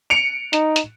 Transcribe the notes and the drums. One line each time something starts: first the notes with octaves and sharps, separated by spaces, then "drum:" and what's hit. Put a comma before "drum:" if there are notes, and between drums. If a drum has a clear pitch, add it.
C#7 D7 F7
D#4, drum: hi-hat
drum: hi-hat